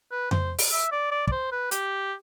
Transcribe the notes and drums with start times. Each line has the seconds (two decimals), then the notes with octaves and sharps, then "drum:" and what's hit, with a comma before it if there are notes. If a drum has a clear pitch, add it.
0.12 B4
0.31 C5, drum: tom F2
0.59 drum: open hi-hat
0.72 E5
0.92 D5
1.11 D5
1.27 D5, drum: kick
1.32 C5
1.52 B4
1.71 G4, drum: hi-hat